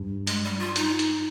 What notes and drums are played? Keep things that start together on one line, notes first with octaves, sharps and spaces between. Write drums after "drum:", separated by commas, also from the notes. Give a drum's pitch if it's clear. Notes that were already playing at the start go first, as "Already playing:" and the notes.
Already playing: G2
G#3, drum: hi-hat
G3
F4
D#4, drum: hi-hat
drum: hi-hat